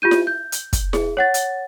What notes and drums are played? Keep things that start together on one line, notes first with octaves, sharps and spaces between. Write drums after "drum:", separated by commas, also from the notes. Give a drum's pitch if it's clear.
F4 G4 G6 D#7
drum: snare E4
G6
drum: hi-hat
drum: kick, hi-hat
G#4, drum: snare E4
C#5 F#5 A6
drum: hi-hat